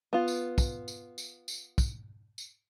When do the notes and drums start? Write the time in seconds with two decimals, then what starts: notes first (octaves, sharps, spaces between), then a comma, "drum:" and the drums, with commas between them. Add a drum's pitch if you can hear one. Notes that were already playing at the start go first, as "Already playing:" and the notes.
0.13 B3 F4
0.28 drum: tambourine
0.58 drum: kick, tambourine
0.88 drum: tambourine
1.18 drum: tambourine
1.48 drum: tambourine
1.78 drum: kick, tambourine
2.38 drum: tambourine